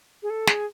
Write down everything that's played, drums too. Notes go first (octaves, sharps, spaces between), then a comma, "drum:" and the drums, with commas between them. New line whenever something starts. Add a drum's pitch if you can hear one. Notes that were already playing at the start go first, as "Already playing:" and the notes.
G#4
A4
G#4, drum: snare